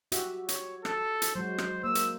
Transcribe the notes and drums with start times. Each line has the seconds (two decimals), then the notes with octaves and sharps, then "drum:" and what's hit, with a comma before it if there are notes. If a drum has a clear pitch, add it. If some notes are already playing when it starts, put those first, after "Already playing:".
0.12 F#4 G4 E5, drum: hi-hat
0.49 C#5, drum: hi-hat
0.85 A4, drum: rim click
1.22 drum: hi-hat
1.35 F#3 G#3 F#4 C5
1.58 drum: rim click
1.84 A#3 C5 E6
1.95 drum: hi-hat